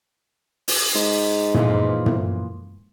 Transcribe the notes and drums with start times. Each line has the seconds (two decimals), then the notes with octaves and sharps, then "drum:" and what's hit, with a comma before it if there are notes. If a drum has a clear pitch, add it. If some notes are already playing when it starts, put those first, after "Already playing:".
0.68 drum: open hi-hat
0.95 G#2
1.54 A#2 E3 F3, drum: tom
2.06 drum: tom